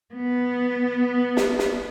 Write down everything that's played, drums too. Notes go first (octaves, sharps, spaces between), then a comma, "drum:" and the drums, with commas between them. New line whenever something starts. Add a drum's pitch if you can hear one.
B3
drum: snare
drum: snare